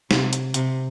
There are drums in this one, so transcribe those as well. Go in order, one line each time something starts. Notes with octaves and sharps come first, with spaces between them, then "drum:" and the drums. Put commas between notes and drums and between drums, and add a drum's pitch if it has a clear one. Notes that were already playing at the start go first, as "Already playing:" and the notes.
C3, drum: snare
drum: hi-hat
C3, drum: hi-hat